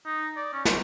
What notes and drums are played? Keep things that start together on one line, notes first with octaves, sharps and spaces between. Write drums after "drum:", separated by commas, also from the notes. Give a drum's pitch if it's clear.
D#4
D5
C#4
C5, drum: snare